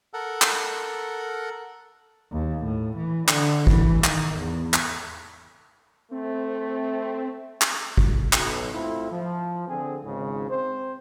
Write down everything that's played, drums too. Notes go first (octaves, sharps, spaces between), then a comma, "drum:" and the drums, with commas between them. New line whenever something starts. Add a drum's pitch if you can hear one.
A4 A#4 F#5
drum: clap
D#2
A2
E3
D3, drum: clap
E3, drum: kick
D#3, drum: clap
E2
drum: clap
A3 C4
drum: clap
drum: kick
B1, drum: clap
A3 C4 E4 F4
F3
D3 C4 G#4
G#1 C#2 G#2 C#3
C4 C5